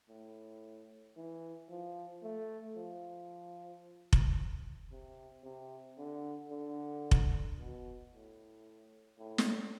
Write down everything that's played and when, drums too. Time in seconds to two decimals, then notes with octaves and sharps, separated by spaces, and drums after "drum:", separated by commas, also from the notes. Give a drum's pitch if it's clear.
0.09 A2
1.16 E3
1.69 F3
2.23 A3
2.76 F3
4.13 drum: kick F1
4.91 C3
5.44 C3
5.98 D3
6.51 D3
7.11 drum: kick F1
7.58 B2
8.11 A2
9.18 A2
9.38 drum: snare